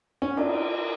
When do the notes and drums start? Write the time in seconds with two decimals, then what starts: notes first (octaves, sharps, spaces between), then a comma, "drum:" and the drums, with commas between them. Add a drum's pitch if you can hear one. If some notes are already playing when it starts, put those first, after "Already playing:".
0.22 C#4
0.37 D4, drum: cymbal